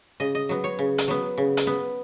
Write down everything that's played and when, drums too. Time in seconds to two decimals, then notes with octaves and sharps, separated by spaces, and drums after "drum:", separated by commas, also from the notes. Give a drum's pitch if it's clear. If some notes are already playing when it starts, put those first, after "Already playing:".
0.20 C#3 D#5
0.35 D#5
0.49 F#3 B3
0.64 C#5
0.79 C#3
0.98 drum: hi-hat
1.08 F#3 B3
1.38 C#3
1.57 drum: hi-hat
1.67 B3